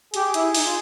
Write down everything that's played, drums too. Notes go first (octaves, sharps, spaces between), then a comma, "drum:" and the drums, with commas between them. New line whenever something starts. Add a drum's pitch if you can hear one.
G4 G#4, drum: hi-hat
E4, drum: hi-hat
D#4, drum: open hi-hat
F4